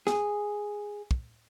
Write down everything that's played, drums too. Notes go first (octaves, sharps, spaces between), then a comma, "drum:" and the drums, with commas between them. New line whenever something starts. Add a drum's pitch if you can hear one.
G#4, drum: snare
drum: kick